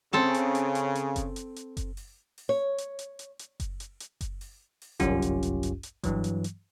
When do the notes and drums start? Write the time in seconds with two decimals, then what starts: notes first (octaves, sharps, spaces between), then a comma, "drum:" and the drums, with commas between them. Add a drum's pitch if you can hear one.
0.13 C#3 C4 A4 A5
0.34 drum: hi-hat
0.55 drum: hi-hat
0.75 drum: hi-hat
0.95 drum: hi-hat
1.16 drum: kick F#1, hi-hat
1.36 drum: hi-hat
1.56 drum: hi-hat
1.77 drum: kick F#1, hi-hat
1.97 drum: open hi-hat
2.38 drum: open hi-hat
2.49 C#5
2.78 drum: hi-hat
2.99 drum: hi-hat
3.19 drum: hi-hat
3.39 drum: hi-hat
3.60 drum: kick F#1, hi-hat
3.80 drum: hi-hat
4.00 drum: hi-hat
4.21 drum: kick F#1, hi-hat
4.41 drum: open hi-hat
4.82 drum: open hi-hat
5.00 G1 C2 F#2 C#4 F4 G4, drum: kick F#1, hi-hat
5.22 drum: hi-hat
5.43 drum: hi-hat
5.63 drum: hi-hat
5.83 drum: hi-hat
6.04 G2 E3 F#3, drum: kick F#1, hi-hat
6.24 drum: hi-hat
6.44 drum: hi-hat